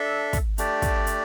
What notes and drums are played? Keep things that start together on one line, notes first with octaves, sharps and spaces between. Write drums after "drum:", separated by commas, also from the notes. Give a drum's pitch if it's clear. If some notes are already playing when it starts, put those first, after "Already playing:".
Already playing: D4 A4 E5
drum: kick, hi-hat
A3 D4 G4 D5, drum: hi-hat
drum: kick, hi-hat
drum: hi-hat